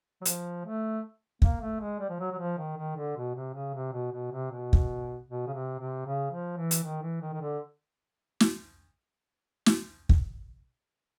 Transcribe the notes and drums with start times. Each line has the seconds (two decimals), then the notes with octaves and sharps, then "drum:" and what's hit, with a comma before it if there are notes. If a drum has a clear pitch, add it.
0.21 F#3
0.25 F3, drum: hi-hat
0.65 A3
1.42 A#3, drum: kick
1.61 A3
1.80 G#3
2.00 G3
2.09 F3
2.20 F#3
2.32 F#3
2.39 F3
2.58 D#3
2.77 D#3
2.96 D3
3.16 B2
3.35 C3
3.54 C#3
3.74 C3
3.93 B2
4.12 B2
4.32 C3
4.51 B2
4.73 drum: kick
5.28 B2
5.47 C#3
5.53 C3
5.80 C3
6.06 C#3
6.31 F3
6.57 E3
6.71 drum: hi-hat
6.83 D#3
7.02 E3
7.22 D#3
7.33 D#3
7.41 D3
8.40 drum: snare
9.66 drum: snare
10.09 drum: kick